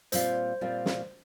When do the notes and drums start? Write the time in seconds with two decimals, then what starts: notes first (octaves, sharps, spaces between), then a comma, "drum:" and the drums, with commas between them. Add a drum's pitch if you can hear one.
0.12 A#2 G3 C4 F4 C5, drum: hi-hat
0.61 A#2 G3 C4 F4
0.86 drum: snare